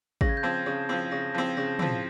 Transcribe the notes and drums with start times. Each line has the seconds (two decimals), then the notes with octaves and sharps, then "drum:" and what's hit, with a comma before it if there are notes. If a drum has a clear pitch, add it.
0.21 C#3 A#6, drum: kick
0.29 G#6
0.37 G6
0.43 F3 C4 G#6
0.66 C#3
0.89 F3 C4
1.11 C#3 A#6
1.34 F3 C4
1.57 C#3 A#6
1.79 F3 C4, drum: tom